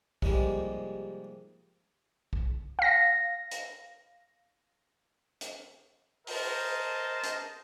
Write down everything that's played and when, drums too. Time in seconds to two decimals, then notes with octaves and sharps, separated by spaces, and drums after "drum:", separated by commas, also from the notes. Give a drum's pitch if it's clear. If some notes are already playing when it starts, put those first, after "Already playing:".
0.22 G#2 C3 F3 G3 G#3 A#3, drum: kick B1
2.33 drum: kick B1
2.79 F5 A#6
3.51 drum: hi-hat
5.41 drum: hi-hat
6.27 A#4 C5 D#5 A5, drum: open hi-hat
7.23 drum: hi-hat